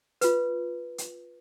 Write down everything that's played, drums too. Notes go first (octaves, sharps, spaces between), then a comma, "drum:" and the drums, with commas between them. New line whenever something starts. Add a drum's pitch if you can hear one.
F4 B4, drum: hi-hat
drum: hi-hat